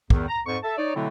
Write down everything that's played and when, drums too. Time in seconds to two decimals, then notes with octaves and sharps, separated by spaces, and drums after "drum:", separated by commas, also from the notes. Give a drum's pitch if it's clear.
0.10 E2 D#3, drum: kick
0.28 A#5
0.45 F2 G#2 C#6
0.63 A4 E5 A5
0.77 D#4 C#5 D5
0.95 B2 D3 F#3 A3 C4 E4